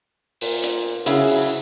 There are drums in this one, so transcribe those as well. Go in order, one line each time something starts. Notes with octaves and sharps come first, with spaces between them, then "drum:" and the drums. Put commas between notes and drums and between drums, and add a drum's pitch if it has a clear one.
A#2, drum: open hi-hat
drum: hi-hat
C#3 F#3 E4 G#4, drum: hi-hat
drum: open hi-hat